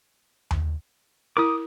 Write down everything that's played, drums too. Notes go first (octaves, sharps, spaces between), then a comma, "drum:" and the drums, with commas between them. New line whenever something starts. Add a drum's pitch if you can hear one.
drum: tom D#2
E4 A#4 D6 D#6